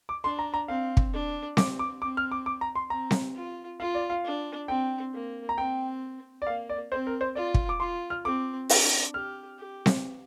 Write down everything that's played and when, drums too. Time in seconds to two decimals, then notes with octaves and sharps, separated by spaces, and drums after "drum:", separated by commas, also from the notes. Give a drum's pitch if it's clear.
0.09 D6
0.24 D4 C6
0.39 A#5
0.54 A#5
0.68 C4 F5
0.97 drum: kick
1.13 D4
1.57 C4 D6, drum: snare C4
1.79 D6
2.02 C4 D6
2.17 F6
2.31 D6
2.46 D6
2.61 A#5
2.75 C6
2.90 C4 A#5
3.11 drum: snare C4
3.35 F4
3.80 F4 F5
3.95 D5
4.10 F5
4.24 D4
4.68 C4 G5
5.13 A#3
5.49 A#5
5.58 C4 G5
6.42 D5
6.47 A#3 F5
6.69 D5
6.92 C4 C5
7.07 A#4
7.21 C5
7.35 F4 D5
7.54 drum: kick
7.69 D6
7.80 F4 C6
8.10 F6
8.25 C4 D6
8.69 D4, drum: open hi-hat
9.14 G4 F6
9.59 G4
9.86 drum: snare C4